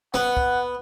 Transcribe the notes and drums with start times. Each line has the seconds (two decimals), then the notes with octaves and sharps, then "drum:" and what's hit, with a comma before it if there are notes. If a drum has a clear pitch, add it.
0.14 B3 F#5, drum: snare
0.37 drum: kick